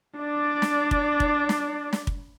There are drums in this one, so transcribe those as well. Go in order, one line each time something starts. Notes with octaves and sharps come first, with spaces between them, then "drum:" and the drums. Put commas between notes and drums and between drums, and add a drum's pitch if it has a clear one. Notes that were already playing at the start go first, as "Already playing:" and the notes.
D4 D5
drum: snare
drum: kick
drum: kick
drum: snare
drum: snare
drum: kick